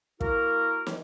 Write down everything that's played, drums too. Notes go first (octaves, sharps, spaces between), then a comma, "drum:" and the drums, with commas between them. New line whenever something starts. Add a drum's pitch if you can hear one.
A#3 E4 F#4 A#4, drum: kick
drum: snare